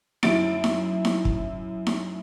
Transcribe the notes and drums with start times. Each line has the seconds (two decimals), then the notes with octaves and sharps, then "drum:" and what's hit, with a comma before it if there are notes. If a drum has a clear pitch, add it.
0.23 F#2 E4 A6 D7, drum: snare D#4
0.64 drum: snare D#4
1.05 drum: snare D#4
1.25 drum: kick
1.87 drum: snare D#4